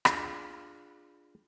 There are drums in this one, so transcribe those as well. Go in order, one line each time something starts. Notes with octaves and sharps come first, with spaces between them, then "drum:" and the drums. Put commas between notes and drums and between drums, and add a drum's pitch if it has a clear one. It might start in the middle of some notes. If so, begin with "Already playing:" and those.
D4 F4 G#4, drum: rim click